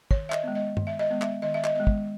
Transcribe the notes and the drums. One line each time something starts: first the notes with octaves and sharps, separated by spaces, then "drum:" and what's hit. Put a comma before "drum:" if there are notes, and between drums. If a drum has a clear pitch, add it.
D#3 C#5, drum: kick
E5
D#5, drum: clap
G#3 B3
D#5
D#3, drum: tom G2
E5
D#5
G#3 B3
E5, drum: clap
D#3 D#5
E5
D#5, drum: clap
G#3 B3 D#5
drum: kick